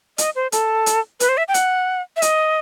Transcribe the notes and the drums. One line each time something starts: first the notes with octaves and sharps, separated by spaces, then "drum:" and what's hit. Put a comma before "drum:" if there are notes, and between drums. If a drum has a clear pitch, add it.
D#5, drum: hi-hat
C5
A4, drum: hi-hat
drum: hi-hat
B4, drum: hi-hat
C5
E5
G5
F#5, drum: hi-hat
E5
D#5, drum: hi-hat